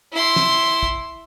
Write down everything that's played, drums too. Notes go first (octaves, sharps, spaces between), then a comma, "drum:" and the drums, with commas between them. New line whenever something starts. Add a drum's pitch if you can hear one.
E4 C6
drum: snare
drum: kick